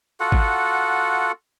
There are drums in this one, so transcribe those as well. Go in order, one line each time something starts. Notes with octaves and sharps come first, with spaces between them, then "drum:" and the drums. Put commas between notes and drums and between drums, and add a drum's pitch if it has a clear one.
F4 F#4 A4 F#5
drum: kick G#1